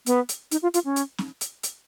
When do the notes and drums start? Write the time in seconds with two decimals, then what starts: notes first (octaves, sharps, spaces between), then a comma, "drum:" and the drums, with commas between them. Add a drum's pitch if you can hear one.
0.06 B3, drum: hi-hat
0.29 drum: hi-hat
0.51 D#4, drum: hi-hat
0.63 F4
0.74 F4, drum: hi-hat
0.85 C#4
0.96 drum: hi-hat
1.18 drum: snare
1.41 drum: hi-hat
1.63 drum: hi-hat